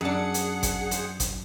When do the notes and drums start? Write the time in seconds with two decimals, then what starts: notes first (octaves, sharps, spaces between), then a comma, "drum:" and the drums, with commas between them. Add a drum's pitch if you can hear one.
0.01 F#2 D4 G#4 F#5 C#7
0.34 drum: hi-hat
0.63 drum: kick G#1, hi-hat
0.91 C5, drum: hi-hat
1.20 drum: kick G#1, hi-hat